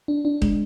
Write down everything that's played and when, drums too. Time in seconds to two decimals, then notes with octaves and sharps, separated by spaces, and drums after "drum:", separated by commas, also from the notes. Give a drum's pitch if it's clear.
0.08 D4
0.25 D4
0.42 G#3, drum: kick D#1